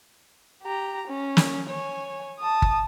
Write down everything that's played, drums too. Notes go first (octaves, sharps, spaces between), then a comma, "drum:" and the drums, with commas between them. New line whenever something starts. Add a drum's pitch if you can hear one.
G4 A#5
C#4
drum: snare
C#5 G#5
A5 D#6
drum: kick G1